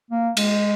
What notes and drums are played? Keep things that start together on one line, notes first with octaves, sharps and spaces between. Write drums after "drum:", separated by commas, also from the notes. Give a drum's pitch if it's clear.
A#3
G#3, drum: cymbal